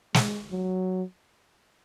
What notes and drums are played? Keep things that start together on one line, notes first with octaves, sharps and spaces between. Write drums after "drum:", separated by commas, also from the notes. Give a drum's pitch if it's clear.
G#3, drum: snare
F#3